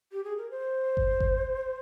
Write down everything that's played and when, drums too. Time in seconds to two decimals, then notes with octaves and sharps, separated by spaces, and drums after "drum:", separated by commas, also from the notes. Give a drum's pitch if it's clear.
0.12 G4
0.24 G#4
0.37 A#4
0.51 C5
0.97 drum: kick G1
1.20 drum: kick G1